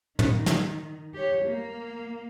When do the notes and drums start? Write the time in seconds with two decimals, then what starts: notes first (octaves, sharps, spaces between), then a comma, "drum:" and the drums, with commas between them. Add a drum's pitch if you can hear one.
0.19 D#3, drum: tom
0.46 drum: snare
1.14 G4 C#5
1.45 A#3